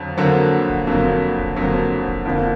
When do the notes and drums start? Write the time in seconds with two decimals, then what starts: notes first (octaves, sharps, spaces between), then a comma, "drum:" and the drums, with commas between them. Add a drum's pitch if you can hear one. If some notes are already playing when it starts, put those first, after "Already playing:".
Already playing: F2 D3 F#3
0.17 F2 D3 F#3 A#3
0.69 drum: kick D#1
0.87 F2 D3 F#3 A#3
1.39 drum: kick D#1
1.56 F2 D3 F#3 A#3
2.08 drum: kick D#1
2.25 F2 D3 F3 A#3 D4